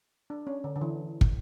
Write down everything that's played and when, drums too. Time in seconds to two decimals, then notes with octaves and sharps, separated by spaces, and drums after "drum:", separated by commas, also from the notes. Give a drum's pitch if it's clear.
0.30 D4
0.47 C#4
0.64 D3
0.76 D3
0.81 E3
1.21 drum: kick